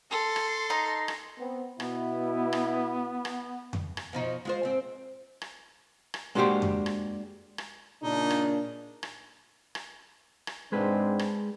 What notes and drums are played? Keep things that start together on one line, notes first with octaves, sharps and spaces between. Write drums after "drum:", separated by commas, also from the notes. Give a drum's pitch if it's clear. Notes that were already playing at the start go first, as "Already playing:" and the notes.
A4 C6
drum: rim click
D#4 A#5
drum: rim click
B3 C4
B2 B3 E4, drum: rim click
drum: rim click
drum: rim click
drum: tom F2
drum: rim click
B2 F3 D#4
G#3 F4 C5
G#2 C4
drum: rim click
drum: rim click
G#3 A#3 D4 F#4 G4 C5
drum: tom F2
drum: rim click
drum: rim click
A#2 C#3 D4 D#4
drum: rim click
drum: rim click
drum: rim click
drum: rim click
G#2 G#3 C4 D4 G#4 B4
drum: rim click